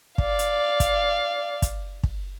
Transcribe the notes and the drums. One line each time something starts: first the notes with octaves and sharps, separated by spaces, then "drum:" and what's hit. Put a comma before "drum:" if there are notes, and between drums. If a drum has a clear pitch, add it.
D5 F5, drum: kick
drum: hi-hat
drum: kick, hi-hat
drum: kick, hi-hat
drum: kick